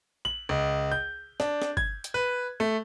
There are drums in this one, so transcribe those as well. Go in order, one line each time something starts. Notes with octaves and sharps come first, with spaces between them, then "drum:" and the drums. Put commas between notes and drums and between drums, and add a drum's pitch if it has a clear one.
F#7
C#2
G6
D4, drum: snare
drum: snare
G#6, drum: kick G1
drum: hi-hat
B4
A3